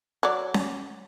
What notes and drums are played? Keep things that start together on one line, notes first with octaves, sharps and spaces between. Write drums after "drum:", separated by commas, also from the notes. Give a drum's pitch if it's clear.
F#3 D5
drum: snare C#4